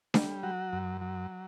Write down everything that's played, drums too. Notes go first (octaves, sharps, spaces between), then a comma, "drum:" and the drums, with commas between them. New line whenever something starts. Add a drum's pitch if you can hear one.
G3, drum: snare D4
F#3 F#4
F#2
F#3